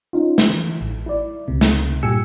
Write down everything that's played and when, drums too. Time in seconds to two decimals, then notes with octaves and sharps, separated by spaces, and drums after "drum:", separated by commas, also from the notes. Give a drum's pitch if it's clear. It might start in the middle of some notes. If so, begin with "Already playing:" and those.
0.13 C#4 D#4 F4
0.38 drum: snare
0.50 E3
0.81 A1
1.06 E4 D5
1.48 C#2 C3
1.61 drum: snare
2.03 G2 A#2 G4 G#5 E6 C#7